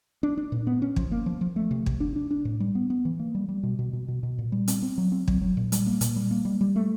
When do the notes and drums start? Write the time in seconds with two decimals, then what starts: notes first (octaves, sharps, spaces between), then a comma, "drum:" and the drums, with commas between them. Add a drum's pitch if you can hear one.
0.23 D4
0.37 D4
0.52 A#2
0.67 B3
0.82 C#4
0.96 F3, drum: kick
1.12 A#3
1.26 F3
1.41 F3
1.56 A3
1.71 C3
1.86 C3, drum: kick
2.00 D4
2.16 D4
2.31 D4
2.45 A2
2.60 G3
2.75 B3
2.90 B3
3.05 E3
3.19 A#3
3.35 G3
3.49 G3
3.63 B2
3.79 B2
3.93 B2
4.08 B2
4.23 B2
4.39 A#2
4.52 G3
4.68 C4, drum: hi-hat
4.82 C4
4.98 F#3
5.12 C4
5.28 F#3, drum: kick
5.41 F#3
5.57 A#2
5.72 G3, drum: hi-hat
5.87 A#3
6.01 A#2, drum: hi-hat
6.16 G3
6.31 A#3
6.45 G3
6.61 G3
6.76 A3